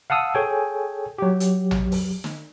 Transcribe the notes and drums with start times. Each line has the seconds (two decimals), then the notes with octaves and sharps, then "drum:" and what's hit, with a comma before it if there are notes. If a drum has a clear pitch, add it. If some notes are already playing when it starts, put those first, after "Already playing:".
0.10 F5 F#5 A5 D#6 E6
0.35 G#4 A4 C#5 G5 G#5
1.18 F#3 G4
1.40 drum: hi-hat
1.71 drum: tom A#1
1.92 drum: open hi-hat
2.24 drum: snare